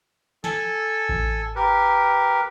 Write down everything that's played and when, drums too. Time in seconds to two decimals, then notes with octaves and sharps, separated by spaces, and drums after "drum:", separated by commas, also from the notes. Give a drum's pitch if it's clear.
0.44 A4 G#5 E6, drum: snare
1.09 drum: kick A1
1.56 G4 A#4 B4